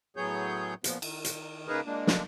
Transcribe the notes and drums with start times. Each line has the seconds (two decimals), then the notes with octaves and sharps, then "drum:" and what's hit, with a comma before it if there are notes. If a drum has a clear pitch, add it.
0.17 A2 F#3 B3 G#4 C#5 G6
0.84 A#2 F3 B3, drum: hi-hat
1.02 D#3, drum: cymbal
1.25 drum: hi-hat
1.68 C#3 A#3 D#4 G#4 A#4 B4
1.86 G#3 A#3 D4
2.07 drum: snare